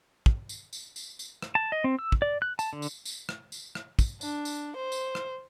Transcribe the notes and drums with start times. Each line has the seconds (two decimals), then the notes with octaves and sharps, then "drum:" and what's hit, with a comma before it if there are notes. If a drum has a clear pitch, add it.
0.26 drum: kick
0.49 drum: tambourine
0.73 drum: tambourine
0.96 drum: tambourine
1.19 drum: tambourine
1.42 drum: rim click
1.55 A5
1.72 D#5
1.84 C4
1.99 E6
2.12 drum: kick
2.22 D5
2.42 F#6
2.59 A5, drum: tambourine
2.73 D3
2.82 drum: tambourine
3.06 drum: tambourine
3.29 drum: rim click
3.52 drum: tambourine
3.75 drum: rim click
3.99 drum: kick, tambourine
4.21 D4, drum: tambourine
4.45 drum: tambourine
4.76 C5
4.92 drum: tambourine
5.15 drum: rim click